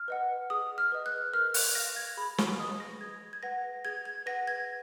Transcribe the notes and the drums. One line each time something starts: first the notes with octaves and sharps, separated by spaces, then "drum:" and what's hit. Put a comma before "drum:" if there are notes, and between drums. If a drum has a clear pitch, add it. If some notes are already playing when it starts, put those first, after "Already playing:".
Already playing: F6
B4 D#5 F#5
G#4 D#6
F6
B4 D#5
F#6
A#4 F6
F#6, drum: open hi-hat
F5 A#6
G#6
G#4 B5
C#6, drum: snare
B4 D#5 D#6
A#6
G#4 G#6
G#6
B4 F#5 A#6
G#4 G#6
G#6
B4 F#5 A#6
G#6